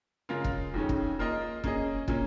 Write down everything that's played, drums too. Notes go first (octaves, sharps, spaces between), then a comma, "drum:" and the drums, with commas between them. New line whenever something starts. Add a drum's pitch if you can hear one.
C#3 G#3 F4 A#4 F5
drum: kick
F2 D#3 G#3 C#4
drum: kick
A#3 F4 A#4 D#5
A#3 C#4 G#4 D#5, drum: kick
A#2 A#3 C#4, drum: kick